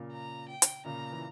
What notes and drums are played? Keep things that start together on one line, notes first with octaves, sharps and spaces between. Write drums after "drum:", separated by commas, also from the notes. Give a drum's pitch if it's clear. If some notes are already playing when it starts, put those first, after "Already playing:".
Already playing: A#2 C#3
A#5
G5
drum: hi-hat
A#2 C#3 A#5
E3